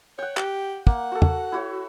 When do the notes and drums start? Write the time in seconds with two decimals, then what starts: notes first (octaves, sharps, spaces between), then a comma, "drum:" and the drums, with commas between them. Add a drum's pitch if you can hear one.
0.19 C#5 F#5 G5
0.37 G4, drum: clap
0.87 A#3 F#5, drum: kick
1.12 F#4 A4
1.22 drum: tom
1.52 E4 F#4 C#5